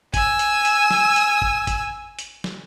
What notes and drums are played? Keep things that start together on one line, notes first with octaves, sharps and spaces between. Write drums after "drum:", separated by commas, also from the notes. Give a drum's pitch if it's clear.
G#5 E6, drum: kick G1, hi-hat
drum: hi-hat
drum: hi-hat
drum: snare
drum: hi-hat
drum: kick G1
drum: kick G1, hi-hat
drum: hi-hat
drum: snare